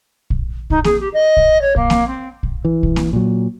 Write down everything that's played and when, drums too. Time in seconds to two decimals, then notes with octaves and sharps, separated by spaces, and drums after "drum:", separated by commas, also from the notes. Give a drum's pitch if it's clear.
0.30 drum: kick A#1
0.70 D#4, drum: kick A#1
0.84 G#4, drum: snare A#3
1.00 G4
1.13 D#5
1.37 drum: kick A#1
1.61 C#5
1.76 A#3, drum: kick A#1
1.90 drum: snare A#3
2.07 C4
2.43 drum: kick A#1
2.65 E3
2.83 drum: kick A#1
2.96 drum: snare A#3
3.13 A#2 F#3